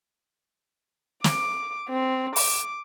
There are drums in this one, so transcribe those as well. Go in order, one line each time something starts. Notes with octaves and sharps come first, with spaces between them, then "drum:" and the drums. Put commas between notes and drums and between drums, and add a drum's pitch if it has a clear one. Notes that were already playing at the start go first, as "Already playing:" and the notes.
D6, drum: snare
C4
D6, drum: open hi-hat